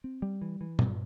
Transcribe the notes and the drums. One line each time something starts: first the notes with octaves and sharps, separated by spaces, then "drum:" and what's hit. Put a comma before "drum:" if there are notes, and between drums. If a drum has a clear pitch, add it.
C4
G3
E3
E3
G2, drum: tom A#2